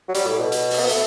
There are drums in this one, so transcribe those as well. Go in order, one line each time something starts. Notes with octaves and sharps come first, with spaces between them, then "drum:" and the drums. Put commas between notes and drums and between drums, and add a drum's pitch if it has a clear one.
F#3
G3, drum: hi-hat
A2
B2
drum: hi-hat
drum: open hi-hat
B3
A3, drum: hi-hat